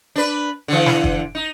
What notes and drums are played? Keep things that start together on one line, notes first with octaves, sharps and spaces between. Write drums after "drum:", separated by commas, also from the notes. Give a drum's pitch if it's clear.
D4 B4
D3 E3
drum: snare
drum: kick
D#4